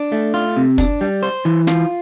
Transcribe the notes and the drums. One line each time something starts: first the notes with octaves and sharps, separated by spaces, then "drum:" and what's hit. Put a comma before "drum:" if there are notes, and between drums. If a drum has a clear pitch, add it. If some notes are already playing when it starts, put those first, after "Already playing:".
Already playing: D4
A3
F4
C3
D4, drum: kick, hi-hat
G3
C5
E3
F4, drum: snare